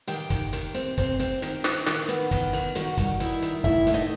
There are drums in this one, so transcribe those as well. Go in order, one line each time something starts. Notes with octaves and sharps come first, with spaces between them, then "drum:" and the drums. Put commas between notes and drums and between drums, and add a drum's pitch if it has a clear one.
D#3 G4 G5, drum: hi-hat
D#3, drum: kick, hi-hat
D#3, drum: hi-hat
C4, drum: hi-hat
C4, drum: kick, hi-hat
C4, drum: hi-hat
D#3, drum: hi-hat
C4, drum: snare
D#3, drum: snare
B3, drum: hi-hat
D#3, drum: kick, hi-hat
D#3, drum: open hi-hat
D#3 F#4 F#5, drum: hi-hat
G3, drum: kick, hi-hat
D#3 E4 E5, drum: hi-hat
D#3, drum: hi-hat
A2 E4 E5, drum: kick
A3, drum: hi-hat
D#4 D#5